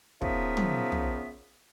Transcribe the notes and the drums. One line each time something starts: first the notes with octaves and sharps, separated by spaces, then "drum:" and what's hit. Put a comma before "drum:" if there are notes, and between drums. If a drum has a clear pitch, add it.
C#3 F3 B3 D#4 A#4 E5, drum: kick
drum: tom
drum: tom